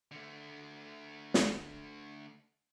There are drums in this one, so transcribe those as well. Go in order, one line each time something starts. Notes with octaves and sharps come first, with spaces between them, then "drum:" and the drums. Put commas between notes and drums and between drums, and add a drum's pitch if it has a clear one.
D3 A3
drum: snare